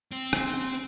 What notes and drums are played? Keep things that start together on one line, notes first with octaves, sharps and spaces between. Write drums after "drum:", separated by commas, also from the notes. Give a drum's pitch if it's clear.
C4
drum: rim click